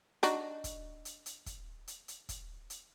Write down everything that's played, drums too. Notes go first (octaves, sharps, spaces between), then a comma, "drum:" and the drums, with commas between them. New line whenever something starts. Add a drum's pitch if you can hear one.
D4 D#4 F#4, drum: hi-hat
drum: kick, hi-hat
drum: hi-hat
drum: hi-hat
drum: kick, hi-hat
drum: hi-hat
drum: hi-hat
drum: kick, hi-hat
drum: hi-hat